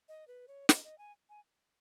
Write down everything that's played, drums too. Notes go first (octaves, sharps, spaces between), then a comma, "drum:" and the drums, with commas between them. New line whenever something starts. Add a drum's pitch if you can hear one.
D#5
B4
C#5
D#5, drum: snare
D#5
G#5
G#5